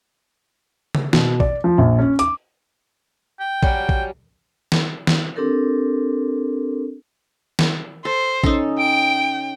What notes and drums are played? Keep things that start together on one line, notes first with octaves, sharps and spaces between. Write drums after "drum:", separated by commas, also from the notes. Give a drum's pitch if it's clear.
drum: tom C#3
B2, drum: snare
D5, drum: kick
F3
A#1
C#4
D6, drum: hi-hat
G5
F#3 G3 C#4, drum: kick
drum: kick
drum: snare
drum: snare
C4 D4 G4 A4 A#4
drum: snare
A4 C5
C#4 D#4 A4, drum: kick
G5 D7